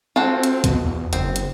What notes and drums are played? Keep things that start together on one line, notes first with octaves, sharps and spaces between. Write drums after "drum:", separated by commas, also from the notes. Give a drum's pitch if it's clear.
C4 F4 F#4 A4
drum: hi-hat
B2, drum: kick, hi-hat
E2
F#1 C4, drum: hi-hat
drum: hi-hat